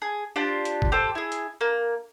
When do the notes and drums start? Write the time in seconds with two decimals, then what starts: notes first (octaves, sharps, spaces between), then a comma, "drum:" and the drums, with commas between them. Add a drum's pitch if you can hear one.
0.02 G#4
0.36 D4 F4 G4 C5
0.65 drum: hi-hat
0.82 drum: kick G1
0.92 G4 A4 C5
1.15 E4 G#4
1.32 drum: hi-hat
1.61 A#3